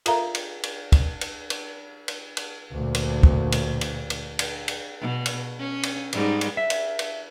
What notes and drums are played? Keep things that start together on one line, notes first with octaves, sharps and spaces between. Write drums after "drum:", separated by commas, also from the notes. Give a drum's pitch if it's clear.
F4 A4 A#4 E5 F5 A#5, drum: cymbal
drum: cymbal
drum: cymbal
drum: kick, cymbal
drum: cymbal
drum: cymbal
drum: cymbal
drum: cymbal
D2 A#2
drum: cymbal
drum: kick
drum: cymbal
drum: cymbal
drum: cymbal
drum: cymbal
drum: cymbal
B2
drum: cymbal
C#4
drum: cymbal
G#2 G3 D#4, drum: cymbal
drum: cymbal
E5
drum: cymbal
drum: cymbal